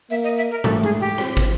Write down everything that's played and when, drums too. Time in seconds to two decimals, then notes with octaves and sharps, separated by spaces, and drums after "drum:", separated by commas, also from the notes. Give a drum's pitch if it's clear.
0.10 A#3 E5, drum: tambourine
0.24 D#5
0.37 E5
0.51 A#4
0.64 A3 A4, drum: tom
0.83 G#4, drum: tom G#3
1.00 G4, drum: tambourine
1.18 C4, drum: rim click
1.37 drum: kick, tambourine